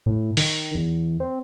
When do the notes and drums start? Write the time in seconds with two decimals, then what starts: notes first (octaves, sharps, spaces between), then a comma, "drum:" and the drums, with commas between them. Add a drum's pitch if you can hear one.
0.06 A2
0.37 D#3, drum: open hi-hat
0.75 E2
1.20 C4